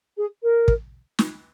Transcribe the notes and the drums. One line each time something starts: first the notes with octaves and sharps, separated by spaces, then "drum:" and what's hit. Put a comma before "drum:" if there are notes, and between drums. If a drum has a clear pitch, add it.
G#4
A#4
drum: kick
drum: snare